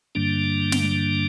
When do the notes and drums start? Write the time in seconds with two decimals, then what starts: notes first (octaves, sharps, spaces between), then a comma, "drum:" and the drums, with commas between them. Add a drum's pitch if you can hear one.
0.15 G2 D3 G3 A#3 D4
0.72 drum: snare